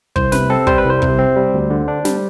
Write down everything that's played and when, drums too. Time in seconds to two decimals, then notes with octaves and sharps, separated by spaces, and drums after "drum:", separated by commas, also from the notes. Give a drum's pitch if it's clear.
0.16 C2 C5, drum: kick
0.32 C3 B4, drum: snare
0.50 C4 A4
0.67 G3 C5, drum: kick
0.78 B4
0.84 C2
0.90 C5
1.02 C3, drum: kick
1.18 C4
1.36 G3
1.54 D2
1.70 D3
1.88 D4
2.05 G3, drum: snare